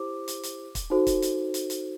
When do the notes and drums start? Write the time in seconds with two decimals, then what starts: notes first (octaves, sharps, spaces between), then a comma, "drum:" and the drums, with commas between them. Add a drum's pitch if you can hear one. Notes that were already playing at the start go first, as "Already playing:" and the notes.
Already playing: E4 G4 C5 D6
0.28 drum: hi-hat
0.43 drum: hi-hat
0.75 drum: kick, hi-hat
0.90 D#4 F#4 A4 C5
1.07 drum: kick, hi-hat
1.22 drum: hi-hat
1.54 drum: hi-hat
1.70 drum: hi-hat